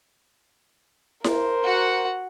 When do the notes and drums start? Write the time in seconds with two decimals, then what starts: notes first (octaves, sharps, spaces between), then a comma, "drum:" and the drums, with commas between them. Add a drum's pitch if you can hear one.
1.24 A#4 C5, drum: snare E4
1.63 F#4 F#5